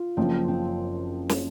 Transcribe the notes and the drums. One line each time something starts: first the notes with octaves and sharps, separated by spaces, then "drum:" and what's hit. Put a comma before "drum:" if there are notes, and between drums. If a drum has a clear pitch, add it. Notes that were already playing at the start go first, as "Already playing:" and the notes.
Already playing: F4
F#1 F#2 F3 C4
C4
drum: snare